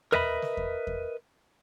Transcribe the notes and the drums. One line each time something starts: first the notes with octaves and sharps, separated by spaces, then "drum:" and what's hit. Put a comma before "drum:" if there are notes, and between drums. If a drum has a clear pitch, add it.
A#4 B4 D#5 E5 G#5 B5, drum: tom
drum: snare
drum: kick E2
drum: kick E2